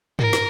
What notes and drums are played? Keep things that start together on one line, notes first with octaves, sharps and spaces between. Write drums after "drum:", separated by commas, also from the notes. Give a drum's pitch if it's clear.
A#4, drum: tom
drum: snare